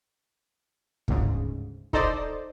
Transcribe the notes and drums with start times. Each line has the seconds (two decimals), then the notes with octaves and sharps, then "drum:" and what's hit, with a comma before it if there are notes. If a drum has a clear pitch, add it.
1.08 G1 D2 G#2 C#3, drum: kick
1.93 D#4 A4 C5 D5 D#5, drum: kick